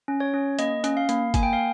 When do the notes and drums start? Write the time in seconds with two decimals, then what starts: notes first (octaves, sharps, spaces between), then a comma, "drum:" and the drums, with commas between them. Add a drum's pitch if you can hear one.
0.08 C#4
0.20 C#5
0.34 C#4
0.59 A#3 D#5, drum: hi-hat
0.84 C#4, drum: hi-hat
0.97 F5
1.09 A#3, drum: hi-hat
1.34 A#3 G#5, drum: kick, hi-hat
1.43 G5
1.53 F5